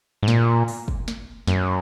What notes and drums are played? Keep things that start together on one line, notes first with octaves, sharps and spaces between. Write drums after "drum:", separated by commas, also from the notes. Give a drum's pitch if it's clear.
G#2
A#2, drum: snare
drum: open hi-hat
drum: kick
drum: snare
F#2, drum: snare